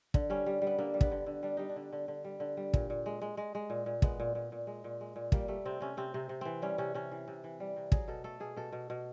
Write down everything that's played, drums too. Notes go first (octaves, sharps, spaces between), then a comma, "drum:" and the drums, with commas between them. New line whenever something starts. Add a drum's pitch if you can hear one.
D3, drum: kick
G3 C#4
G3
G3
B3
D3 A#3
G3
B3, drum: kick
D3
D3
G3 D4
G3 D#4
D4
D3
D3
D3
G3
D3
G3
A#2, drum: kick
A#2
G#3
G#3
G#3
G#3
A#2
A#2
G#3 B3, drum: kick
A#2
A#2
A#2
G#3
A#2
G#3
A#2
G3 A#3, drum: kick
G3 A3
C3 C4
C3 C#4
C3 C4
C3
C3
E3 C4
G3 C#4
C3 C#4
C3 C#4
E3
C3
E3
G3
C3
F#3 G#4, drum: kick
B2 A4
A3 A4
B2 G#4
B2 A4
B2
B2